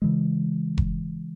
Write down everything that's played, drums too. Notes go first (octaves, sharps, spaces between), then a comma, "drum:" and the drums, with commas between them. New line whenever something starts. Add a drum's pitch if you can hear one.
C#3 E3 G#3
drum: kick F1